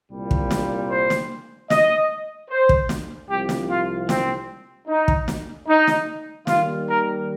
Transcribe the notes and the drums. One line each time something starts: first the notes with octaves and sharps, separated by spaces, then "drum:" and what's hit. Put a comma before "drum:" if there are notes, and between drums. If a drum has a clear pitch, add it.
C2 A#2 G3
drum: kick
drum: snare
C5
drum: snare
D#5, drum: snare
C5
drum: kick
drum: snare
C2 C3 F3 G4
drum: snare
F4
C4, drum: snare
D#4
drum: kick
drum: snare
D#4
drum: snare
D#2 D#3 G3 F4, drum: snare
A#4